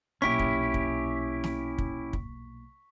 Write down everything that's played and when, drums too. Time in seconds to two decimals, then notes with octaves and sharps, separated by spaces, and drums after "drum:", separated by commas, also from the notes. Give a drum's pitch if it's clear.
0.22 B1 A#2 C#4 E4 G4 C#6 B6
0.39 drum: kick
0.74 drum: kick
1.44 drum: snare
1.78 drum: kick
2.13 drum: kick